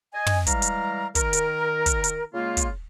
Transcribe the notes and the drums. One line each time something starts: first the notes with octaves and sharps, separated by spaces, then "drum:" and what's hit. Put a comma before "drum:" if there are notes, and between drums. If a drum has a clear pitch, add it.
D#5 G#5
drum: tom
E3 G3 G#3 F5 A#5, drum: kick, hi-hat
drum: hi-hat
D#3 A#4, drum: kick, hi-hat
drum: hi-hat
drum: kick, hi-hat
drum: hi-hat
C#3 G#3 A#3 F4
drum: kick, hi-hat